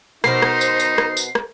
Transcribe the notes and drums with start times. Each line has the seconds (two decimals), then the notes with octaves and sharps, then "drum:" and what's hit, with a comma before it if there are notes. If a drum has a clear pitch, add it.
0.24 B2 B3 D#4 A#4 C5 C7, drum: rim click
0.42 drum: rim click
0.61 drum: tambourine
0.80 drum: tambourine
0.98 drum: rim click
1.17 drum: tambourine
1.35 drum: rim click